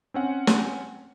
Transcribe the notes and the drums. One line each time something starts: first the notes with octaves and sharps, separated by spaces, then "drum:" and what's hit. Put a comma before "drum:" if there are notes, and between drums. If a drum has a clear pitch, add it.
C4 C#4 F#5
drum: snare